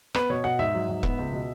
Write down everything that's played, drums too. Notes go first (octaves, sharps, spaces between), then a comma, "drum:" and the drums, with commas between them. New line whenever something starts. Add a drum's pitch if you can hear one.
B3 B4, drum: rim click
B2 C#5
B2 F#5
G#2 E5
F#3
G#2
B3, drum: kick E1
C#2
B2